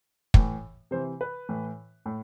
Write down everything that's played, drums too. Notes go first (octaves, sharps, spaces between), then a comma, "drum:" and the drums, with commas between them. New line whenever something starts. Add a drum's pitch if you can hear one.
A2 E3, drum: kick
C3 E3 C5
B4
A2 E3
A2